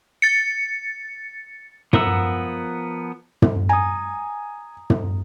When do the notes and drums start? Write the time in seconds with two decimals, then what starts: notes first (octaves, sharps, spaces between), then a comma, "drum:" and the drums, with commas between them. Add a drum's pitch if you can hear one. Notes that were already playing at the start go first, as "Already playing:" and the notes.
0.22 A6 C#7
1.93 F3 B3 A#4 F#5 E6, drum: tom
3.42 drum: tom
3.69 G#5 A#5 D#6
4.90 drum: tom